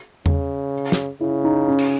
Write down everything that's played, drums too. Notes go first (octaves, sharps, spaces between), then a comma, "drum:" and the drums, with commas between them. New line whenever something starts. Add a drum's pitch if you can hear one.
C#3, drum: tom E2
drum: snare
C#3 E4
D#4
C#4
drum: cymbal